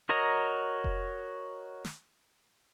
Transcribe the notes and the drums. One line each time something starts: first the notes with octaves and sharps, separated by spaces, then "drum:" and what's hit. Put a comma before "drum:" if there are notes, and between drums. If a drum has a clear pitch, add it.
F#4 A#4 C#5 D#5 A#5
drum: kick F1
drum: snare